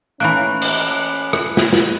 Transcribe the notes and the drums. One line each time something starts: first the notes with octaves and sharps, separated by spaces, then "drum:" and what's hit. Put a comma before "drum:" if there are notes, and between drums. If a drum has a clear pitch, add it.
E3 A3 A#3 C#4 B5 F#6
drum: cymbal
drum: rim click
drum: snare
drum: snare